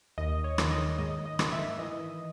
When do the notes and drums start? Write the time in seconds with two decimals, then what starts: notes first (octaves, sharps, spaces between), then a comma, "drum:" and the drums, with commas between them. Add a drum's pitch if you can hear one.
0.18 D#2 D#5
0.44 C#5
0.58 D#3, drum: rim click
0.71 D#5
0.98 G#2 D#5
1.25 D#5
1.39 D#3, drum: rim click
1.53 E5
1.79 E3 D#5